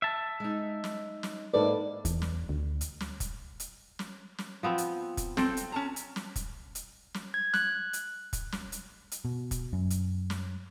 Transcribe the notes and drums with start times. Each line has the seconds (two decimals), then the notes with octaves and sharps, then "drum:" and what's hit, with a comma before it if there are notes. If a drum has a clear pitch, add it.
0.02 E5 A5
0.40 G#3 D#4
0.84 drum: snare
1.23 drum: snare
1.54 G#2 A#3 D#4 A4 B4 D5
2.05 E2, drum: kick, hi-hat
2.22 drum: snare
2.49 D2
2.81 drum: hi-hat
3.00 drum: snare
3.20 drum: kick, hi-hat
3.60 drum: hi-hat
3.99 drum: snare
4.38 drum: snare
4.63 F3 B3 C4
4.78 drum: hi-hat
5.17 drum: kick, hi-hat
5.37 C4 A4 G5, drum: snare
5.57 drum: hi-hat
5.72 C#4 A5 A#5
5.96 drum: hi-hat
6.16 drum: snare
6.36 drum: kick, hi-hat
6.75 drum: hi-hat
7.14 drum: snare
7.34 G#6
7.54 F#6, drum: snare
7.93 drum: hi-hat
8.33 drum: kick, hi-hat
8.52 drum: snare
8.72 drum: hi-hat
9.12 drum: hi-hat
9.25 B2
9.51 drum: kick, hi-hat
9.73 F#2
9.90 drum: hi-hat
10.30 drum: snare